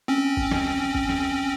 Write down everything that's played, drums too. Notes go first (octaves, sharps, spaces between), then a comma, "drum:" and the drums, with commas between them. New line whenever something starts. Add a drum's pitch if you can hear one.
C4 C#4
drum: kick
drum: snare
drum: kick
drum: snare